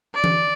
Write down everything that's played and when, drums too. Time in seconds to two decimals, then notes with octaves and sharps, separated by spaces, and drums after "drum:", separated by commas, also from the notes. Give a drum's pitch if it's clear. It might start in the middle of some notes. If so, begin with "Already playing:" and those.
0.15 D5
0.24 drum: tom E3